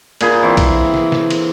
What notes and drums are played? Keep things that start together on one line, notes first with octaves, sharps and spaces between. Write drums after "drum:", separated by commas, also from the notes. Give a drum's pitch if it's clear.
A#2 G#4 B5, drum: cymbal
E3 C4
drum: kick, cymbal
drum: snare
drum: snare
drum: cymbal